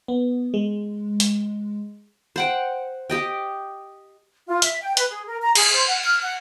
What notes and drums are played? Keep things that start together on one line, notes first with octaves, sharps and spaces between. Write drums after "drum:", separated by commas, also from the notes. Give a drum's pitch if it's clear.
B3
G#3
drum: hi-hat
C5 F#5 G5
G4 D#5 G5
F4
E5, drum: hi-hat
G5
B4, drum: hi-hat
G#4
A#4
A#5
G#4, drum: cymbal
C5
F#5
F6
F#5